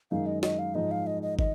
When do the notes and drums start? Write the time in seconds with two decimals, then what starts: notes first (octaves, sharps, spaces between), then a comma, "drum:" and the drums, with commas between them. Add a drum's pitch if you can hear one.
0.11 F#2 D#3 G#3 D#4 F5
0.26 D#5
0.43 D#5, drum: snare
0.59 F5
0.75 G#2 F3 G#3 D#4 D#5
0.91 F5
1.07 D#5
1.23 D#5
1.39 D#3 D#5, drum: kick